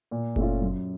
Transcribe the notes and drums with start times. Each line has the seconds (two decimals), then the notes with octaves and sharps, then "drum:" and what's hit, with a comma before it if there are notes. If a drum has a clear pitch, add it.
0.11 A#2
0.36 A3 C#4 F4, drum: kick F#1
0.61 F#2